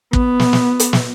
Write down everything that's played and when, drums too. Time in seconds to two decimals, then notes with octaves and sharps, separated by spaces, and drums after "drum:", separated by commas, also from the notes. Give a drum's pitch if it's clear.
0.13 B3, drum: kick
0.40 drum: snare
0.53 drum: snare
0.80 drum: hi-hat
0.93 drum: snare